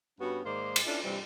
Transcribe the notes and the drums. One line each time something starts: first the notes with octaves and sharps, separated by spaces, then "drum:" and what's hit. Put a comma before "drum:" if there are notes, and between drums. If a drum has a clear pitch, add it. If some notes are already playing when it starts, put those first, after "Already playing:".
G2 B3 C#4 F#4
G#2 D#3 A#3 C5 D5
drum: cymbal
C#4 D4 E4 F4 A4
G2 C3 E3 G3